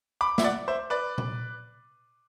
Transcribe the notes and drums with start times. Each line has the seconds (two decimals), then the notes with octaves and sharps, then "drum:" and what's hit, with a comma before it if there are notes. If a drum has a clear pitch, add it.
0.21 B5 D6
0.38 E5, drum: snare
0.44 D5 F#5
0.68 C5 E5
0.90 B4 D5
1.18 drum: tom A#2